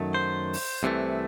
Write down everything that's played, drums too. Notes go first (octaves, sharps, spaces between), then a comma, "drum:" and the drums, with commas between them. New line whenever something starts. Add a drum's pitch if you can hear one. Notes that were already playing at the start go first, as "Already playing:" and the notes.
Already playing: F#2 D#3 F#3 A3
C5
drum: open hi-hat
C2 C3 E3 A3